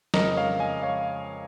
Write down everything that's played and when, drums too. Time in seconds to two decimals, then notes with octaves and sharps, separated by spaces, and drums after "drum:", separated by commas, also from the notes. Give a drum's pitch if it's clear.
0.14 F2 C#3 G#3 A#4 D#5, drum: snare
0.37 C#5 F5
0.60 D#5 G#5
0.82 C#5 F5